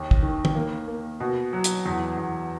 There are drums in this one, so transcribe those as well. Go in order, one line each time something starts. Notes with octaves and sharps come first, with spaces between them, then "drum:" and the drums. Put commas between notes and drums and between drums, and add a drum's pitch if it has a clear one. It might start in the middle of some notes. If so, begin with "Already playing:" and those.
Already playing: D#2
drum: kick
D#3
drum: tom
A#3
A#3
B2
F#3
drum: hi-hat
E2
E2